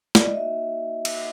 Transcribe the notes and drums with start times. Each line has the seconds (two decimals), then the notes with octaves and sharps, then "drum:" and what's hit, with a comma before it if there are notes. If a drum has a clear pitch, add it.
0.15 D5, drum: snare
0.25 D#5
0.34 A#3 D#4 F#4 E5
1.05 drum: cymbal